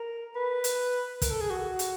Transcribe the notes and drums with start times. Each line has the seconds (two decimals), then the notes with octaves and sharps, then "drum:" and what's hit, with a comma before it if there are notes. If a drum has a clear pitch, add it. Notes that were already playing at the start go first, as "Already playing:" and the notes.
Already playing: A#4
0.35 B4
0.64 drum: hi-hat
1.22 A#4, drum: kick, hi-hat
1.31 A4
1.40 G#4
1.50 F#4
1.79 drum: hi-hat